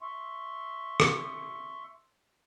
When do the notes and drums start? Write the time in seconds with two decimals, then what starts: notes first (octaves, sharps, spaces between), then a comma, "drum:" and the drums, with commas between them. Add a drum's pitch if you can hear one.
0.02 E5 C6 C#6
1.00 drum: rim click